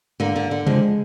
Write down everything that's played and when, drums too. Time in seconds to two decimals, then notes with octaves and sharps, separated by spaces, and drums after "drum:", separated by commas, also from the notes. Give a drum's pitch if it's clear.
0.20 D3 A#3
0.36 D3
0.51 D3
0.66 F2 G#3, drum: tom C3